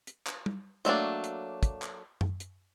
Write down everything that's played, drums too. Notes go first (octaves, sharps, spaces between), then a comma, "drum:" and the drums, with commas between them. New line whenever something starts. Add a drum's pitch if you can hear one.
drum: hi-hat
drum: clap
drum: tom G3
F#3 A3 A#3 D4, drum: hi-hat
drum: hi-hat
drum: kick, hi-hat
drum: clap
drum: tom F#2
drum: hi-hat